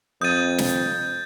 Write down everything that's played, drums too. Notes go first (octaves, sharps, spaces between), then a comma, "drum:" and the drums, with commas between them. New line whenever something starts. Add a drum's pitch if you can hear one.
F2 D#6 G6 A6 D#7
drum: snare